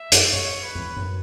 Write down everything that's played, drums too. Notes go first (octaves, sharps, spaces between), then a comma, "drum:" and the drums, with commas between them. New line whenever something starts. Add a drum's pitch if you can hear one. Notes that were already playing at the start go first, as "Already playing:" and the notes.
Already playing: E5
F#2, drum: hi-hat
F#2 C#5
B4
E2
F#2